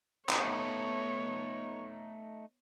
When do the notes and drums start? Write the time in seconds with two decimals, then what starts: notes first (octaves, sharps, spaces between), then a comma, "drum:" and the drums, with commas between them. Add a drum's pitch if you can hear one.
0.29 A3 B3 D#4 C#5, drum: clap